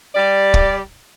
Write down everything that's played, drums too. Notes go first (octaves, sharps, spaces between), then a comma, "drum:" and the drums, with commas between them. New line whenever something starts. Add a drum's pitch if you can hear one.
G3 D5
drum: kick